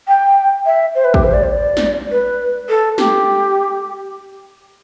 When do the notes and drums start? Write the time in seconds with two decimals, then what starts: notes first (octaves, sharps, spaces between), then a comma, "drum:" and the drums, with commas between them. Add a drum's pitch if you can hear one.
0.08 G5
0.66 E5
0.95 C5
1.04 B4
1.14 G4, drum: kick
1.24 C5
1.33 D5
1.43 C5
1.53 D5
1.77 drum: snare
2.11 B4
2.69 A4
2.98 G4, drum: snare